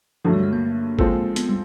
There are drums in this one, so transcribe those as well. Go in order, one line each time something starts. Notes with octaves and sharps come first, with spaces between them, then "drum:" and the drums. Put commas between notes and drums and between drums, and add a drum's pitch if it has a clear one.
G2 D3 F3 F#3 A3
G3
G#3
A#3
F3 G#3 C4 F4 A4, drum: kick G#1
B3, drum: hi-hat
G3